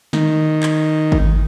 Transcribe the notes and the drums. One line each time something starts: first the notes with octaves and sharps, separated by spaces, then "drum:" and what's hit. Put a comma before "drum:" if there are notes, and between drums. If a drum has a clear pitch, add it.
D#3, drum: snare
drum: clap
drum: kick G#1